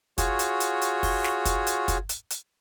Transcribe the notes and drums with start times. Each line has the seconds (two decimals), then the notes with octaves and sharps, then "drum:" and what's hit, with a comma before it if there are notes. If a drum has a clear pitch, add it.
0.18 F4 F#4 G#4 C#5, drum: kick, hi-hat
0.39 drum: hi-hat
0.60 drum: hi-hat
0.82 drum: hi-hat
1.03 drum: kick, open hi-hat
1.24 drum: snare
1.45 drum: kick, hi-hat
1.67 drum: hi-hat
1.88 drum: kick, hi-hat
2.09 drum: hi-hat
2.31 drum: hi-hat